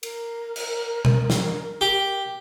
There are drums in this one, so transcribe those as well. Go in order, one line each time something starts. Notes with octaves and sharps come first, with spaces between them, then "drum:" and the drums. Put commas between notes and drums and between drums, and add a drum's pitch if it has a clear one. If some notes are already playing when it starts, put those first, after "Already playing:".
A#4, drum: cymbal
drum: cymbal
drum: tom B2
drum: snare
G4